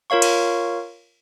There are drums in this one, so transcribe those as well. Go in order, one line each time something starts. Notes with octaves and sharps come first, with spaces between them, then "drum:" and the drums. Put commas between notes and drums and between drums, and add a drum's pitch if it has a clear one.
F4 A#4 C#5 F5 C#6
drum: cymbal